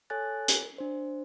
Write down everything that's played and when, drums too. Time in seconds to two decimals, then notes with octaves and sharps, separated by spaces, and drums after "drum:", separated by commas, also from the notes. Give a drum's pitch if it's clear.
0.10 A4 C#5 G#5 F#6 A6
0.48 drum: hi-hat
0.78 D4 C5